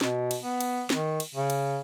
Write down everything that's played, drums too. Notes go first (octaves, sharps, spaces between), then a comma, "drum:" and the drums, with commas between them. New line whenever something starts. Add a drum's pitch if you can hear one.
B2, drum: snare
drum: cymbal
B3
drum: cymbal
D#3, drum: snare
drum: cymbal
C#3
drum: cymbal